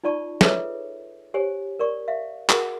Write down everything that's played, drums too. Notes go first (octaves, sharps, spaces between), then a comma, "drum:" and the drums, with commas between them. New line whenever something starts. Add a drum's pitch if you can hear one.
D#4 F4 D5 A5 C#6
F4 G#4 A4 B4 C#5 E5, drum: snare
G4 C5 C#5 G#5
A#4 D5 C#6
E5 F5
F#4 G#4 A#4 F#5, drum: clap